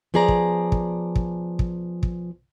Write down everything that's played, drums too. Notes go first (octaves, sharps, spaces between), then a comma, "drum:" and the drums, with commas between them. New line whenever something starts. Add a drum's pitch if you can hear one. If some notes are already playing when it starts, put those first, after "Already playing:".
F3 B3 G#4 D5 A#5
drum: kick
drum: kick
drum: kick
drum: kick
drum: kick